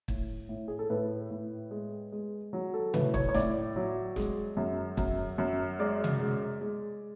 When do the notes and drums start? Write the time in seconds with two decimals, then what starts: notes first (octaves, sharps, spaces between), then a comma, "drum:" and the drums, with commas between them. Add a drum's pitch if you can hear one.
0.08 A2, drum: kick
0.49 A2
0.68 G#4
0.79 A4
0.90 A2 B4
1.30 A2
1.71 G#3
2.12 G#3
2.53 F#3
2.74 A4
2.94 A2 B4, drum: tom C3
3.14 C#5, drum: kick
3.29 C#5
3.34 A2 D5, drum: snare
3.76 F#3
4.16 G#3, drum: snare
4.57 F#2
4.97 F#2, drum: kick
5.38 F#2
5.79 G#3 D5
6.04 drum: tom C3
6.20 G#3
6.61 G#3